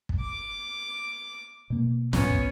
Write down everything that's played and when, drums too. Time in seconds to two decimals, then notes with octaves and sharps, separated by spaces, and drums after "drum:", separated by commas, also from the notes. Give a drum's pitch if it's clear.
0.09 drum: kick
0.21 D6
1.70 B2 A#3
2.13 C2 A2 B3 C#4, drum: snare
2.30 drum: kick